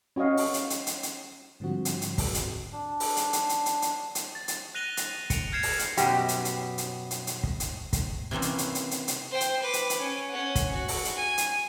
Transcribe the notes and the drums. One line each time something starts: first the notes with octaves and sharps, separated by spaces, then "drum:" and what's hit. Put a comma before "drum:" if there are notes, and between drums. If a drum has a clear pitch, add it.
C#4 F#4 C#5 D#5 F5
drum: open hi-hat
drum: hi-hat
drum: hi-hat
drum: hi-hat
drum: hi-hat
G#2 D3 F3 G3 C4 F#4
drum: hi-hat
drum: hi-hat
drum: kick, open hi-hat
drum: hi-hat
D4
drum: open hi-hat
drum: hi-hat
drum: hi-hat
drum: hi-hat
drum: hi-hat
drum: hi-hat
drum: hi-hat
A6
drum: hi-hat
F#6 A#6 D#7 F7 G7
drum: hi-hat
C#7 D7 F7, drum: kick, hi-hat
F6 G6 G#6 C7 C#7 E7
drum: open hi-hat
drum: hi-hat
F#2 B2 G4, drum: hi-hat
drum: hi-hat
drum: hi-hat
drum: hi-hat
drum: hi-hat
drum: hi-hat
drum: kick
drum: hi-hat
drum: kick, hi-hat
C3 E3 A#3 C4 C#4
drum: hi-hat
drum: hi-hat
drum: hi-hat
drum: hi-hat
drum: hi-hat
C5 G5
drum: hi-hat
B4 D6
drum: hi-hat
drum: hi-hat
C#4
C#4 F#5
drum: kick, hi-hat
F#4
drum: open hi-hat
drum: hi-hat
G#5
drum: hi-hat